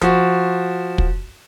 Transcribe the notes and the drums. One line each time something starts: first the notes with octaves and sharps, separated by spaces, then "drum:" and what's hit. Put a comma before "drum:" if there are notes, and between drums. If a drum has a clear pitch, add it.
F3 F#4, drum: snare
drum: kick